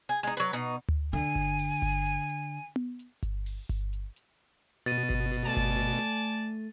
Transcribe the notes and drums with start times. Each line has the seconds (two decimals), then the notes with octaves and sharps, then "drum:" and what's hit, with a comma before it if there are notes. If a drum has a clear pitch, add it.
0.09 G#4
0.23 G#3 D#4
0.37 F#3 B4
0.53 B2 D#4
0.89 drum: tom D2
1.13 D3 G#5, drum: hi-hat
1.35 drum: kick G1
1.59 drum: open hi-hat
1.82 drum: kick G1, hi-hat
2.06 drum: hi-hat
2.29 drum: hi-hat
2.76 drum: tom B3
2.99 drum: hi-hat
3.23 drum: kick G1, hi-hat
3.46 drum: open hi-hat
3.69 drum: kick G1, hi-hat
3.93 drum: hi-hat
4.16 drum: hi-hat
4.86 B2 A6 D#7, drum: hi-hat
5.10 drum: kick G1, hi-hat
5.33 drum: open hi-hat
5.43 A3 D5 G#5 A5
5.57 drum: kick G1, hi-hat
5.80 drum: hi-hat
6.03 drum: hi-hat